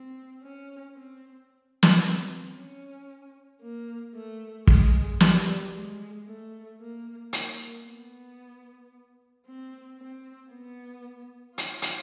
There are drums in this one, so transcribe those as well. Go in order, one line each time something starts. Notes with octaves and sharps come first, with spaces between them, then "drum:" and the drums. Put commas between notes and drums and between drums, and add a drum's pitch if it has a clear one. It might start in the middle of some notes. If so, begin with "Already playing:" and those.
Already playing: C4
C#4
C4
drum: snare
C4
C#4
A#3
A3
G#3, drum: kick
G3, drum: snare
G#3
A3
A#3
A#3, drum: hi-hat
B3
C4
C4
B3
F4, drum: hi-hat
drum: hi-hat